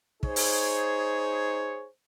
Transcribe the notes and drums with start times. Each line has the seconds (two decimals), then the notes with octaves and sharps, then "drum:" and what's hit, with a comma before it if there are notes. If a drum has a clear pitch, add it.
0.23 D#4 G#4 C5 C#5, drum: kick
0.36 drum: open hi-hat